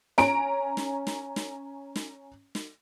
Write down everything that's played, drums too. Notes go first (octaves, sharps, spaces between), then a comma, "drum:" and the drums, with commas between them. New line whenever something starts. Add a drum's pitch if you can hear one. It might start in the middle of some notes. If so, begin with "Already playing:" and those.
C#4 A#5 D7, drum: snare
drum: snare
drum: snare
drum: snare
drum: snare
drum: snare